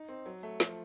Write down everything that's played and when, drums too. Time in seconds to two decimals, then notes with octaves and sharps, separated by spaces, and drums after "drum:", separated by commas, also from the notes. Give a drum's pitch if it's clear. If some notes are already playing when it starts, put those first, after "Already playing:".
Already playing: D#4
0.09 C4
0.26 F#3
0.43 A3
0.60 F3, drum: snare